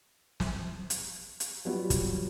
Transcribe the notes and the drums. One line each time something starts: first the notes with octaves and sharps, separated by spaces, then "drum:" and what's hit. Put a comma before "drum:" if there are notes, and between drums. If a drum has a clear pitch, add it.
drum: snare
drum: hi-hat
drum: hi-hat
F#3 G3 B3 F4 F#4
drum: kick, hi-hat